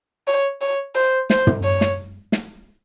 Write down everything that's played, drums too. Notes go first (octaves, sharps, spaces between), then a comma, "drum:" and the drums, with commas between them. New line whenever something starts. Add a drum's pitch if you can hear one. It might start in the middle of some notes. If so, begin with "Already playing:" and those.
C#5
C#5
C5
C5, drum: snare
drum: tom
C#5
drum: snare
drum: snare